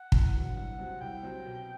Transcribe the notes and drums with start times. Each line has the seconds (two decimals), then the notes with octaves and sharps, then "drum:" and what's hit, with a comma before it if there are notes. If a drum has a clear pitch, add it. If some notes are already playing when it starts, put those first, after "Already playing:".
Already playing: F#5
0.12 E2, drum: kick
0.34 D3 F#3 B3
0.57 C2 F#5
0.79 C3 F#3 C4
1.00 C2 G5
1.23 C3 F#3 C4
1.46 B2